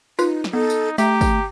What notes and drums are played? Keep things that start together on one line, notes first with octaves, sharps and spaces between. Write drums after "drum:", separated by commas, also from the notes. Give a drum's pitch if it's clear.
D#4 F4 B4, drum: tambourine
drum: snare
B3 D#4 A4
drum: tambourine
A3 G4 E5 A#5, drum: tambourine
drum: kick, tambourine